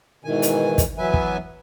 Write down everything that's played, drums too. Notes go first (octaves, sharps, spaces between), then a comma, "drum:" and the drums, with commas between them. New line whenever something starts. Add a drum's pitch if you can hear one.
G#2 B2 D#3 E3 G#5
drum: hi-hat
drum: kick, hi-hat
E3 F#3 B3 B4 E5 G#5
drum: kick